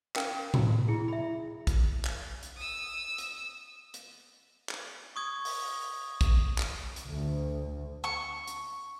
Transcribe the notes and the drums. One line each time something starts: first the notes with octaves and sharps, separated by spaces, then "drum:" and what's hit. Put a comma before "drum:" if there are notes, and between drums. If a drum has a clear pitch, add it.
C#4 A#4 F5 G5, drum: clap
drum: tom A2
E4 G#4
E5 B5
drum: kick, hi-hat
drum: clap
drum: hi-hat
D#6 E6
drum: hi-hat
drum: hi-hat
drum: clap
C#6 D#6 G#6
drum: open hi-hat
drum: kick, hi-hat
drum: clap
drum: hi-hat
D2
C#6
drum: hi-hat